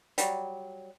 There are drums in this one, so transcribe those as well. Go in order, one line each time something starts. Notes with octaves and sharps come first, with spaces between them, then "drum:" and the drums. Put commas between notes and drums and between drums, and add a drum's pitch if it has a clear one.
F#3 G3, drum: hi-hat